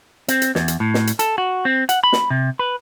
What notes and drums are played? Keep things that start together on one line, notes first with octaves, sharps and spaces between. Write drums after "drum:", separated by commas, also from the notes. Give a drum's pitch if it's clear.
C4, drum: hi-hat
drum: hi-hat
E2, drum: snare
drum: hi-hat
A2
drum: snare
drum: hi-hat
A4, drum: hi-hat
F#4
C4
F#5, drum: hi-hat
B5
drum: snare
C3
B4